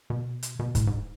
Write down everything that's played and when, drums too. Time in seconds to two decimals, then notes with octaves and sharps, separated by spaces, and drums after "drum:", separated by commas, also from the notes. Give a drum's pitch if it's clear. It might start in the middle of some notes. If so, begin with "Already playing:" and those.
0.10 B2
0.43 drum: hi-hat
0.59 B2
0.75 A2, drum: kick, hi-hat
0.87 G#2